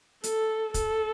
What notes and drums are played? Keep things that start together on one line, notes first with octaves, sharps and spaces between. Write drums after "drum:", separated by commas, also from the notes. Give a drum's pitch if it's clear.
A4, drum: hi-hat
A4, drum: kick, hi-hat